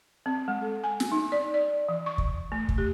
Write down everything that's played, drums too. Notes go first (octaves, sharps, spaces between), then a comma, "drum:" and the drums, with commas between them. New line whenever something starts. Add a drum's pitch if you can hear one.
C4
G#3
A4
G#5
drum: snare
D#4
D5
D5
E3
C#6
drum: kick
A3
drum: kick
G4